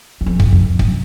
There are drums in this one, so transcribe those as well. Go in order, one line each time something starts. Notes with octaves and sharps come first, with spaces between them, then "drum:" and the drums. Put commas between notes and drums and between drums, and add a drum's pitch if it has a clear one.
E2
F2
F2, drum: kick
F2
F#2, drum: kick